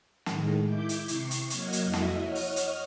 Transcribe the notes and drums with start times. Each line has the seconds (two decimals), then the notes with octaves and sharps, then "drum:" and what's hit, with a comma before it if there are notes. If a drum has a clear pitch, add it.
0.26 A2 D#3 G#3, drum: snare
0.65 E4 D6 G6
0.89 drum: hi-hat
1.08 C3 C#6 C7, drum: hi-hat
1.31 drum: hi-hat
1.50 F#3 A#3 D#5 F#5 F6 G#6, drum: hi-hat
1.73 drum: hi-hat
1.84 F2 E4 F#4 D#5 E5
1.93 drum: snare
2.18 C#5 D#5 F#5 D#6 F6
2.35 drum: open hi-hat
2.56 drum: hi-hat